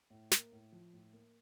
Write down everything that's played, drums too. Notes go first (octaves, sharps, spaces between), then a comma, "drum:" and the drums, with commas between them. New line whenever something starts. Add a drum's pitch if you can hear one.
A2
A#3, drum: snare
A2
F3
A2
A#3